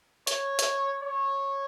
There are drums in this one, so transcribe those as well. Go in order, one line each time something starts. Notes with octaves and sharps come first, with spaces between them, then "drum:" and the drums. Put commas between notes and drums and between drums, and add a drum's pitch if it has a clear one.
C#5, drum: hi-hat
drum: hi-hat
C#5